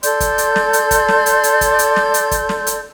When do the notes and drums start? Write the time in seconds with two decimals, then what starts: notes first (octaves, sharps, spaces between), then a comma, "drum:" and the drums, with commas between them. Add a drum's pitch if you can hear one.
0.03 A4 D5 C6 G6, drum: hi-hat
0.20 drum: kick, hi-hat
0.38 drum: hi-hat
0.56 drum: snare
0.73 drum: hi-hat
0.91 drum: kick, hi-hat
1.08 drum: snare
1.26 drum: hi-hat
1.43 drum: hi-hat
1.61 drum: kick, hi-hat
1.79 drum: hi-hat
1.96 drum: snare
2.14 drum: hi-hat
2.31 drum: kick, hi-hat
2.49 drum: snare
2.67 drum: hi-hat